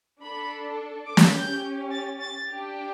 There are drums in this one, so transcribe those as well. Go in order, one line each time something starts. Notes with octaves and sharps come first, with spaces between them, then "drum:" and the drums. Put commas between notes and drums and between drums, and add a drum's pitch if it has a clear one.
D4 A4 B5
D6
drum: snare
C#4 G4 G6
A6
A6
D4 G4